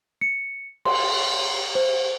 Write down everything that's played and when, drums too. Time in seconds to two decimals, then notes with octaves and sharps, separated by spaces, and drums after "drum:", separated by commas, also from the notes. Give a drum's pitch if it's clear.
0.21 C#7
0.85 C6, drum: cymbal
1.75 C5